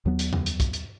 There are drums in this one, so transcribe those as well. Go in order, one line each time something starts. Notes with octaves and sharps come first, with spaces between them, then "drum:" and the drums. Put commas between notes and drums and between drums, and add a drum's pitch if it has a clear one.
D#2 F#3 B3
drum: hi-hat
drum: tom F2
drum: hi-hat
drum: kick, hi-hat
drum: hi-hat